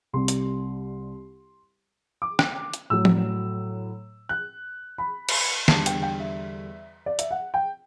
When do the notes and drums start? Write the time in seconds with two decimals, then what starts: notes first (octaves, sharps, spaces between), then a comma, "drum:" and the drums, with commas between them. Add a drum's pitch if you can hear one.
0.13 C2 C3 G3 C6
0.28 drum: hi-hat
2.22 D6
2.39 drum: rim click
2.73 drum: hi-hat
2.90 A2 F#3 E6
3.05 drum: tom F3
4.29 F#6
4.98 B5
5.29 drum: cymbal
5.68 E2 D3 G3 A5, drum: snare
5.86 G5, drum: hi-hat
6.02 G5
6.20 E5
7.06 D5
7.19 E5, drum: hi-hat
7.31 F#5
7.54 G5